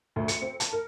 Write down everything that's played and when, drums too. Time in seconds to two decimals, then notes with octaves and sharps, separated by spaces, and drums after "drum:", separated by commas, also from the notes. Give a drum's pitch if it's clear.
0.16 D2
0.28 C#7, drum: hi-hat
0.42 C4
0.60 A5, drum: hi-hat
0.73 A#4